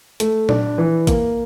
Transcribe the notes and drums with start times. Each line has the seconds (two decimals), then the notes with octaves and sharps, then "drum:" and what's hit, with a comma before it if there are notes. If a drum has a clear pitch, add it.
0.20 A3, drum: hi-hat
0.49 D4, drum: tom A#2
0.78 E3
1.07 A#3, drum: kick A1, hi-hat